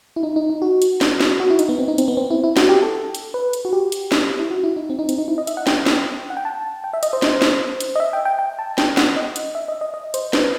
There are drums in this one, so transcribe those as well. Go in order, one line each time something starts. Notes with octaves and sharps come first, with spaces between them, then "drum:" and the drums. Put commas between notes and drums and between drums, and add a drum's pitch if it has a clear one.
E4
D#4
D#4
D#4
F#4
drum: hi-hat
drum: snare
drum: snare
F#4
E4
D#4, drum: hi-hat
B3
C4
D#4
C4, drum: hi-hat
B3
C4
E4
E4
F#4, drum: snare
G4
A4
drum: hi-hat
B4
drum: hi-hat
F#4
G4
drum: hi-hat
drum: snare
E4
F#4
E4
D#4
C4
D#4
C4, drum: hi-hat
D#4
E4
D#5
E5, drum: hi-hat
F#5
G5, drum: snare
drum: snare
F#5
G5
A5
G5
E5
D#5, drum: hi-hat
C5
drum: snare
drum: snare
drum: hi-hat
D#5
E5
G5
G5
G5
A5
G5, drum: snare
F#5, drum: snare
D#5
drum: hi-hat
E5
D#5
D#5
D#5
C5, drum: hi-hat
B4, drum: snare